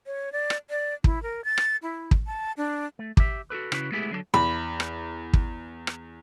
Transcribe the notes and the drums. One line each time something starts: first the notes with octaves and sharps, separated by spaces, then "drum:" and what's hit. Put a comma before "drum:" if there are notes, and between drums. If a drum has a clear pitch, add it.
C#5
D5
drum: rim click
D5
E4, drum: kick
A#4
A6
drum: rim click
E4
drum: kick
A5
D4
A3
G4 E5, drum: kick
F#4 G#4 A4 B4
C#3 E4 F#4 B4, drum: rim click
G#3 A3 B3 E4 G4 G#4
D3 F#3 G3 A4
E2 B5
drum: rim click
drum: kick
drum: rim click